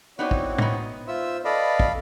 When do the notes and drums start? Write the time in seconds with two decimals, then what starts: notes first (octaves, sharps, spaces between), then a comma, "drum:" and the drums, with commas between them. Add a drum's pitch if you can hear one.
0.19 B3 C4 D#4 E4 F#4 C#5 D5
0.31 drum: kick
0.58 B3 D#4, drum: tom A2
1.08 F4 C5 E5 E6
1.45 A4 B4 D5 D#5 F5 B5
1.80 drum: kick